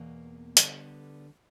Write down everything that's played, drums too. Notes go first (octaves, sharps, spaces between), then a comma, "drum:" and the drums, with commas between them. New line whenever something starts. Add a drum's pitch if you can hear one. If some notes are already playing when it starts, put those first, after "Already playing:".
Already playing: E2 B2 A#3
D3 G3 B3, drum: hi-hat